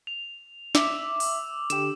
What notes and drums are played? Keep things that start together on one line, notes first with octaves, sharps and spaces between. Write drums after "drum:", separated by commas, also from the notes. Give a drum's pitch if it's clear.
F7
E5 D6 E6, drum: snare
drum: open hi-hat
D3 G4 E7, drum: hi-hat